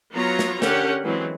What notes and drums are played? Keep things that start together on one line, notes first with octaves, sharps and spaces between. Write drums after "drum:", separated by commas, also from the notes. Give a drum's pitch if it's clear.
F#3 B3 F4 C#5 A#5
drum: snare
D3 C#4 G4 A#4 F#5, drum: snare
E3 F#3 G#3 C4